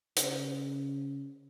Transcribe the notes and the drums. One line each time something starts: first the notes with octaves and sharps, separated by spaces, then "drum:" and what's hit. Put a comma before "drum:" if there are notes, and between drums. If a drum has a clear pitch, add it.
C#3, drum: hi-hat